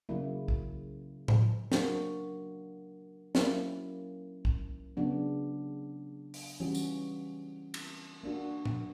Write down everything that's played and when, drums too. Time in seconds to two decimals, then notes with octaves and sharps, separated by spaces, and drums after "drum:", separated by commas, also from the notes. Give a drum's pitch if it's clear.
0.09 C#3 F#3 A#3 E4
0.48 drum: kick
1.28 drum: tom A2
1.72 F#3 A#3 D4 F#4 A#4, drum: snare
3.35 F#3 A#3 C#4 E4, drum: snare
4.45 drum: kick
4.97 C#3 F#3 B3 D4
6.34 drum: open hi-hat
6.60 E3 G3 C#4 F#4
6.75 drum: tambourine
7.74 drum: cymbal
8.23 A#3 D4 F#4
8.65 drum: tom A#2